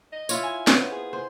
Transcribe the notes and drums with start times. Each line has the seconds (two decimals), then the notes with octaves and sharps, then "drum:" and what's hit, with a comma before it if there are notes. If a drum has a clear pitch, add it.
0.12 D#5
0.29 E4 F4 C#5, drum: tambourine
0.43 G#5
0.67 B3 C5 C#5, drum: snare
0.91 G#4
1.13 C5